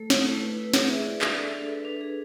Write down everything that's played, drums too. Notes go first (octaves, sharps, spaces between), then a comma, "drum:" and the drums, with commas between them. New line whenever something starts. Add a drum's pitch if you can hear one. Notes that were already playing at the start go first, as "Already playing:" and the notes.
Already playing: A3 A4
E4, drum: snare
A3
B4
E4
G#4, drum: snare
E5
D5
D4, drum: clap
A4
D4
B4
D4
G#4